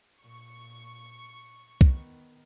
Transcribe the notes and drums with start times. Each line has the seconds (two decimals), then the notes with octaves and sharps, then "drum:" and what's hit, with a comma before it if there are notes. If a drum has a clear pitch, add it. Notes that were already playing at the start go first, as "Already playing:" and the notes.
0.21 A#2 C#6
1.81 D#3 B3, drum: kick C2